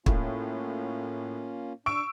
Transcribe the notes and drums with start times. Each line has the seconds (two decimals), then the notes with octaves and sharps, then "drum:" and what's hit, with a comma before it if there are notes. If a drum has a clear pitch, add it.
0.06 A2 A#3 C#4 F4, drum: kick
1.86 D4 C#6 E6 D7